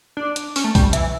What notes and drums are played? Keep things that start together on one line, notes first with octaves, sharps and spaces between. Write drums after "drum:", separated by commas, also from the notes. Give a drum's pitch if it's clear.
D4
drum: hi-hat
C#4, drum: open hi-hat
A3
G3, drum: kick, open hi-hat
E3, drum: hi-hat